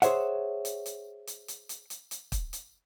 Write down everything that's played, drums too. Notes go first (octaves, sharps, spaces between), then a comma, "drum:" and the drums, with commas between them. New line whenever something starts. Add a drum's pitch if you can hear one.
G#4 C5 C#5 E5 F#5, drum: hi-hat
drum: hi-hat
drum: hi-hat
drum: hi-hat
drum: hi-hat
drum: hi-hat
drum: hi-hat
drum: hi-hat
drum: kick, hi-hat
drum: hi-hat